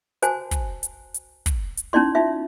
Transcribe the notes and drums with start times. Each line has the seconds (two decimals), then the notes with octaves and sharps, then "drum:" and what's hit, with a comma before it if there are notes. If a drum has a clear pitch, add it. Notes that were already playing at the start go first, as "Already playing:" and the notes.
0.22 F#4 C5 G#5 A5, drum: hi-hat
0.51 drum: kick, hi-hat
0.83 drum: hi-hat
1.14 drum: hi-hat
1.46 drum: kick, hi-hat
1.77 drum: hi-hat
1.93 C#4 D#4 E4 D5 C6
2.15 D#4 F4 E5